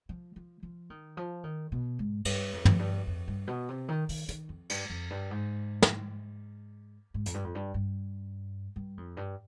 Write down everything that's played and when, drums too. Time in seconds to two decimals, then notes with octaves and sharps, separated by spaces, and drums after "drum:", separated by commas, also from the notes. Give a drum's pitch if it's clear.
0.09 F3
0.36 F3
0.63 F3
0.90 D#3
1.17 F3
1.43 D#3
1.72 B2
1.99 G#2
2.25 G2, drum: cymbal
2.53 F2
2.65 drum: tom
2.79 G2
3.07 F2
3.28 G2
3.47 B2
3.68 C3
3.89 D#3
4.09 D#3, drum: open hi-hat
4.29 D#3, drum: hi-hat
4.49 F2
4.70 G2, drum: cymbal
4.90 F2
5.10 G2
5.31 G#2
5.82 drum: snare
7.14 G#2
7.26 F2, drum: hi-hat
7.34 G2
7.44 F2
7.55 G2
7.74 G2
8.76 G2
8.97 F2
9.17 G2